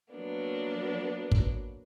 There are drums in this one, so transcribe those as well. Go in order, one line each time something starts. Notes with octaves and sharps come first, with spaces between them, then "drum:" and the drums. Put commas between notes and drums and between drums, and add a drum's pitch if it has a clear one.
F#3 A#3 B3 D4
drum: kick